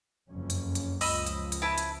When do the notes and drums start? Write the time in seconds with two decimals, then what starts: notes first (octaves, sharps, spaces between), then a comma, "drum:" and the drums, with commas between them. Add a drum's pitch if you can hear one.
0.29 F#1 F2 C#4
0.50 drum: hi-hat
0.75 drum: hi-hat
1.01 C#2 F3 D#5 B5 E6, drum: open hi-hat
1.26 drum: hi-hat
1.52 drum: hi-hat
1.62 E4 B4 A5
1.78 drum: hi-hat